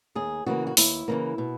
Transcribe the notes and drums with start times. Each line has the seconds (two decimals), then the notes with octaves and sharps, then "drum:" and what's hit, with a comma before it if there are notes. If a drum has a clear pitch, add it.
0.15 D#2 G#4
0.46 C#3 E3 A#3 F#4
0.67 F#4
0.77 D#2 E4, drum: open hi-hat
1.08 C#3 E3 A#3
1.38 B2